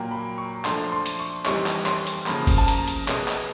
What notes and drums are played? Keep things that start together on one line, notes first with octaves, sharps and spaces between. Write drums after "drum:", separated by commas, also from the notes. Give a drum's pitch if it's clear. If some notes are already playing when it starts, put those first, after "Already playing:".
Already playing: A#2 F#3 A#3 G5
B5
C#6
F3 A3 D4 C6, drum: clap
C6
drum: hi-hat
C#6
E3 G3 C4 D#4 C#6, drum: clap
drum: clap
C6, drum: clap
drum: hi-hat
C#3 F3 A#3 B5, drum: clap
drum: kick F#1, open hi-hat
A5
A#5, drum: hi-hat
drum: hi-hat
B2 G#3 B3, drum: clap
drum: clap